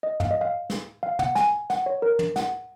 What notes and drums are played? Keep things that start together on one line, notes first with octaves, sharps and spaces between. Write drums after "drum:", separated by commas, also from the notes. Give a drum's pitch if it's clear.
D#5
F5, drum: tom
D#5
F5
drum: snare
F5
F#5, drum: tom
G#5, drum: snare
F#5, drum: snare
C#5
A#4
drum: tom
F#5, drum: snare